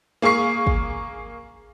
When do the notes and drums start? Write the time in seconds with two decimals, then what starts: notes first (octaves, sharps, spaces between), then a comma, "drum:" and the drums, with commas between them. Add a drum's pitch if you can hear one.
0.22 A#3 G#4 F5 C#6 C7
0.67 drum: kick